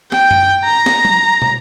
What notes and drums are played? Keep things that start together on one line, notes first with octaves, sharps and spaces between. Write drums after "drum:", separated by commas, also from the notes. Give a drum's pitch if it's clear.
G5, drum: snare
drum: tom F#2
A#5
drum: snare
drum: tom F#3
drum: tom